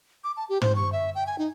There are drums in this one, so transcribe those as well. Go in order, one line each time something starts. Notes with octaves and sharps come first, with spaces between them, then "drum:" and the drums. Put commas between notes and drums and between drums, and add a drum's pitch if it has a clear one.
D6
A5
G4
C5, drum: tom
C#6
E5
G5
G#5
D#4